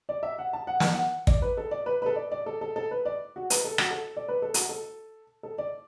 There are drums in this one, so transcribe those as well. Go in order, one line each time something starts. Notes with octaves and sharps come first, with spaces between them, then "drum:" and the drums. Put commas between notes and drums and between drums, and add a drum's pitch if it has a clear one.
D5
E5
F#5
A5
F#5
A5, drum: snare
F#5
D5, drum: kick
B4
A4
D5
B4
B4
A4
D5
D5
A4
A4
A4
B4
D5
F#4
B4, drum: hi-hat
A4
F#4, drum: rim click
A4
D5
B4
A4
F#4, drum: hi-hat
A4
A4
D5